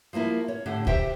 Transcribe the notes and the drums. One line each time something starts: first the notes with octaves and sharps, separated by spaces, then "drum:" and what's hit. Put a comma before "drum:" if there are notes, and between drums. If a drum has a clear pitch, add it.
F3 G3 A#3 E4
C#5
A2 D3 G4
G4 C5 E5 G5, drum: kick C#2